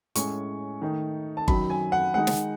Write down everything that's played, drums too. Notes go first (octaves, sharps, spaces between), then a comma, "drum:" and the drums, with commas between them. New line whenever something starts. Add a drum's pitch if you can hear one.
A2 G#3 C#4 C#6, drum: hi-hat
D#3 A3 D#4
A5
F#2 D#3 F#3 B5, drum: kick G1
G#5
F#5
D#3 G#3 D#4 F#5
drum: snare